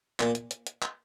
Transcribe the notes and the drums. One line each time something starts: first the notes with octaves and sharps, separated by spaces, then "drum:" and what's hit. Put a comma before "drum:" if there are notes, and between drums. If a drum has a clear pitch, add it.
A#2, drum: clap
drum: hi-hat
drum: hi-hat
drum: hi-hat
drum: clap